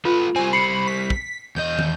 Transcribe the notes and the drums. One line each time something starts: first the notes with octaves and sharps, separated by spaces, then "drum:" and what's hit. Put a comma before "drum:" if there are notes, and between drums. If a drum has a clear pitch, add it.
A3 F4 B4
G3 C4 G#5
B5 C7 C#7
B6
drum: kick
E2 D#5 G6
drum: tom